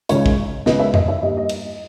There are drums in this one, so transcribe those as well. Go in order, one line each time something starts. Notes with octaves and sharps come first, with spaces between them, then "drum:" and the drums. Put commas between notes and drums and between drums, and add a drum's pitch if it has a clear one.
C#2 C#3 G#3 C#5, drum: hi-hat
drum: kick
C#2 C#3 G#3 B3 D#5, drum: snare
E5
D#5, drum: tom E2
E5
G2 G3 A#3 D#5
D#5
drum: cymbal